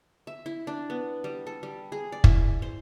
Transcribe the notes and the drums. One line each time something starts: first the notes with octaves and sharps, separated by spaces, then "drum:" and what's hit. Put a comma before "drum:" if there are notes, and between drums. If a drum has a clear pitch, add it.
E5
E4
D4
B3
G3
A4
G3
G#4
D5
E4, drum: kick
C5